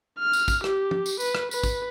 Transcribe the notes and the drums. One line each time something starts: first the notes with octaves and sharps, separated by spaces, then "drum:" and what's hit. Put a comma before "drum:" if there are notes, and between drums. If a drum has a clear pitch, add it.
F6
drum: tambourine
drum: kick, tambourine
G4, drum: rim click
drum: tom
drum: tambourine
B4, drum: tambourine
drum: rim click
B4, drum: tambourine
drum: kick, tambourine